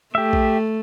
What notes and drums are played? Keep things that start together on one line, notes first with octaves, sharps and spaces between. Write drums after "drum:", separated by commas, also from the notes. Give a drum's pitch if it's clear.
A3 G4 E5
drum: kick A#1